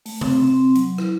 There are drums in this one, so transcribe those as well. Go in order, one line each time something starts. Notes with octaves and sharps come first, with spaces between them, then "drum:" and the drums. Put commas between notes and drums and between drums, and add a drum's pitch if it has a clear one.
A3, drum: open hi-hat
C4, drum: tom C3
C4
F#3, drum: hi-hat
E4, drum: rim click